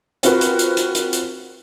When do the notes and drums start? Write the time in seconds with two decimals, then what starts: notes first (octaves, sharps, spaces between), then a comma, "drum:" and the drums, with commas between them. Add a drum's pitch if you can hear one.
0.23 C4 F4 F#4 A#4 B4, drum: hi-hat
0.41 drum: hi-hat
0.59 drum: hi-hat
0.77 drum: hi-hat
0.95 drum: hi-hat
1.13 drum: hi-hat